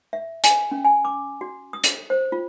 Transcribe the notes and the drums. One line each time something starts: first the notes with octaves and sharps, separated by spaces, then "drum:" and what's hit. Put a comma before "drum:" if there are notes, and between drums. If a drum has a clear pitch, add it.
E5
G#5, drum: hi-hat
C#4
G#5
D6
F#4
D#6
drum: hi-hat
C5
F4